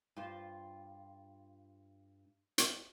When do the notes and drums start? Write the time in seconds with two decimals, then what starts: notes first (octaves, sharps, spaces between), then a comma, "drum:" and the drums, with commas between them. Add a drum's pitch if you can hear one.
0.16 G2 F4 C5
2.58 drum: hi-hat